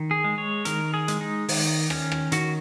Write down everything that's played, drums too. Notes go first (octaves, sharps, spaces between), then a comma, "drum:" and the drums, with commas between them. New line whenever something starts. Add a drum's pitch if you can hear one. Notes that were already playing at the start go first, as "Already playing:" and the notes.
Already playing: D#3
G#4
G#3
C#5
D#3 A#4, drum: hi-hat
G#4
G#3, drum: hi-hat
D#4
D#3, drum: open hi-hat
C#4, drum: rim click
drum: rim click
D#3 F#4, drum: hi-hat